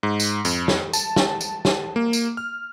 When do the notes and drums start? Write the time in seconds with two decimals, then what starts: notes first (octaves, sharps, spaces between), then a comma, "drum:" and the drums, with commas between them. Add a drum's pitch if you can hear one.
0.03 G#2
0.20 drum: tambourine
0.45 F2, drum: tambourine
0.68 drum: snare
0.93 A5, drum: tambourine
1.16 drum: snare
1.41 drum: tambourine
1.65 drum: snare
1.96 A#3
2.13 drum: tambourine
2.37 F6